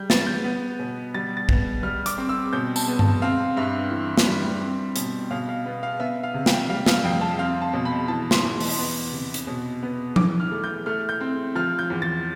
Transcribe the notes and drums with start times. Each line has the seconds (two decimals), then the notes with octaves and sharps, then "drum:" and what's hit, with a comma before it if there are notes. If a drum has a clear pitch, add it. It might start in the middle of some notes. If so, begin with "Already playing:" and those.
Already playing: G3 G6
0.10 B3 A6, drum: snare
0.27 G6
0.44 B3
0.79 B2
1.14 G3 A6
1.37 A6
1.49 B3, drum: kick
1.83 G3 F6
2.06 D6, drum: hi-hat
2.18 C4
2.29 E6
2.53 B2 G6
2.76 A5, drum: tambourine
2.88 B3
2.99 A5, drum: tom G2
3.22 C4 F5
3.57 G2 E5
3.91 E3
4.18 drum: snare
4.27 G3
4.61 C4
4.96 B2, drum: hi-hat
5.31 B2 F5
5.49 F5
5.66 B3
5.83 F5
6.00 B3 E5
6.23 F5
6.34 C3
6.46 G5, drum: snare
6.69 G3 F5
6.86 F5, drum: snare
7.04 F2 G5
7.21 A5
7.39 C4 F5
7.62 A5
7.73 B2
7.85 B5
8.08 E3 A5
8.31 C6, drum: snare
8.43 E2
8.60 drum: open hi-hat
8.78 B3
9.12 C3
9.34 drum: hi-hat
9.47 B2
9.83 B3
10.16 E3 D6, drum: tom F3
10.40 F6
10.52 A3
10.64 G6
10.86 A3 F6
11.09 G6
11.21 C4
11.55 F3 F6
11.79 G6
11.90 E2
12.02 A6